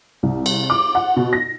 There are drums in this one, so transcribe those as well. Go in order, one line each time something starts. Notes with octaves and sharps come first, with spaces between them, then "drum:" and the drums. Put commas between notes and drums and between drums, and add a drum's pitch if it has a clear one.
C2
drum: cymbal
D6
F#5
B2
A#6